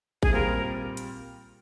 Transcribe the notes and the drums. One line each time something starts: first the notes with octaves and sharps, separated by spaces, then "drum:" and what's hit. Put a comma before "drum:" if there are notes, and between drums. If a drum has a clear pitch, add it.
G#4, drum: kick A1
A#2 G3 C4 F4 A#4
drum: hi-hat